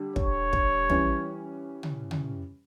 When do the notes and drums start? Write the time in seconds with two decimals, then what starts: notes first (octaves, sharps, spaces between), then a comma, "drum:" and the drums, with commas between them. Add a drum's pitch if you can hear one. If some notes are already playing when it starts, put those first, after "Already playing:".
Already playing: D3 G3
0.16 C#5, drum: kick
0.53 drum: kick
0.90 E3 G3 C#4, drum: tom
1.83 drum: tom
2.11 drum: tom